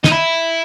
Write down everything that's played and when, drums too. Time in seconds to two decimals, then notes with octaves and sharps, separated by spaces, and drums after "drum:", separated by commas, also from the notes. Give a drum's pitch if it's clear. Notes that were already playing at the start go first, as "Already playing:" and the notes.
0.04 D#4, drum: snare
0.11 E4